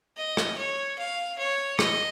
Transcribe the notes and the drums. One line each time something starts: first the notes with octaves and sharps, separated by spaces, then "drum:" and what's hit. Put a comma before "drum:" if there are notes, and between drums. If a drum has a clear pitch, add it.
D#5
drum: rim click
C#5
F5
C#5
D#5, drum: rim click